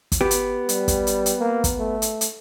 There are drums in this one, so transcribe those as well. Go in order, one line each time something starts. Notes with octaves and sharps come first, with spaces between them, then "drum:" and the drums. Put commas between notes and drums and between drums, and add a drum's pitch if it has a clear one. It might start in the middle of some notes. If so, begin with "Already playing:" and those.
drum: kick, hi-hat
B3 G4
drum: hi-hat
G3, drum: hi-hat
drum: kick, hi-hat
drum: hi-hat
drum: hi-hat
A#3
drum: kick, hi-hat
A3
drum: hi-hat
drum: hi-hat